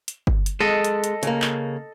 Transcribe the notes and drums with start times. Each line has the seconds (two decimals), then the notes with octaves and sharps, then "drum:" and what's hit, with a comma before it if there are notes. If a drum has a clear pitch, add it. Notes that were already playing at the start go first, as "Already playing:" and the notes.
0.08 drum: hi-hat
0.27 drum: kick G1
0.46 drum: hi-hat
0.60 G#3 A4 D#5
0.84 drum: hi-hat
1.04 drum: hi-hat
1.23 C#3 A#3, drum: hi-hat
1.42 drum: clap